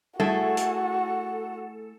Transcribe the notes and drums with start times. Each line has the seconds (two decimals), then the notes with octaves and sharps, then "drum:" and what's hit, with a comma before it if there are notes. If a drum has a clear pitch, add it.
0.20 A3 E4 F#4 G#4 A4, drum: tom G3
0.57 drum: hi-hat